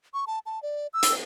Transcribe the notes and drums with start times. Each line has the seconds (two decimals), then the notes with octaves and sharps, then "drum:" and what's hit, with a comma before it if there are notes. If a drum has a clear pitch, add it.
0.14 C#6
0.27 A5
0.46 A5
0.63 D5
0.94 E6
1.03 drum: hi-hat